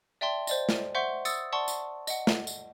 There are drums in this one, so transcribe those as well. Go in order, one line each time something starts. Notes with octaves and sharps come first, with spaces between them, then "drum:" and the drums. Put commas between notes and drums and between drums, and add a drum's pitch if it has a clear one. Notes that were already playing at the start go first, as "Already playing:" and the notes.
D5 E5 G5 A5 C6
C5 D5 D#5, drum: tambourine
drum: snare
C5 E5 F#5 C6 C#6 G6
D#6 E6 A6 C#7, drum: tambourine
D5 F#5 A5 C6 C#6
drum: tambourine
D#5 F#5, drum: tambourine
drum: snare
drum: tambourine